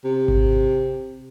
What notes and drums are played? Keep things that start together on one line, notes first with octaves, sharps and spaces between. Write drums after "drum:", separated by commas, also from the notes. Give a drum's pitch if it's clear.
C3
drum: kick G#1